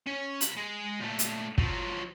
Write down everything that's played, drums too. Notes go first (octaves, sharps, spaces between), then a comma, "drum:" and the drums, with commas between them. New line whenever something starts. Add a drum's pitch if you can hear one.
C#4
C2 B5, drum: hi-hat
G#3
A#2 A3
drum: hi-hat
F3 F#3, drum: kick